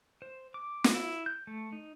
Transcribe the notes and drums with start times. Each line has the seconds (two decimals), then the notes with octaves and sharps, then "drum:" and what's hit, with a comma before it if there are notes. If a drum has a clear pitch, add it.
0.22 C5
0.54 D6
0.84 drum: snare
0.94 E4
1.26 G6
1.47 A3
1.72 D#4